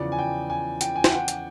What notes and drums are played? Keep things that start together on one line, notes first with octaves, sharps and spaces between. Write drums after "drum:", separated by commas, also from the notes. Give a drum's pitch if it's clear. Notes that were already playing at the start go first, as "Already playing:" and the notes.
Already playing: E2 C#3 F3 D5
G#5
G5
G#5
G5, drum: hi-hat
G#5
G5, drum: snare
F#5
drum: hi-hat